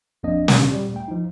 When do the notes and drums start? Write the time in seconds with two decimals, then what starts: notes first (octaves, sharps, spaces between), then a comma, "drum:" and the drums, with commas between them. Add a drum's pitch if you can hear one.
0.23 A1 F2 A#3 D4 D#5
0.48 B2 D3 G3 A#3 B3, drum: snare
0.70 A#2 G3
0.94 A3 G5
1.08 F3 D#4